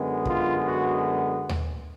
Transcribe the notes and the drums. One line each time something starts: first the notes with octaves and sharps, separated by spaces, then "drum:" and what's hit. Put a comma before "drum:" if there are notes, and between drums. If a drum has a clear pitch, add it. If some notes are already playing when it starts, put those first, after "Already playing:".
Already playing: F#2 D3 G#3 B3
F4, drum: kick
F#4
drum: tom D#2